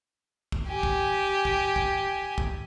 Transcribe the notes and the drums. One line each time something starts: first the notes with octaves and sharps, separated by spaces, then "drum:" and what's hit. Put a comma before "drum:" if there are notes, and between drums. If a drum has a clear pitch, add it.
drum: kick
G4 G#5
drum: kick
drum: kick
drum: kick
drum: kick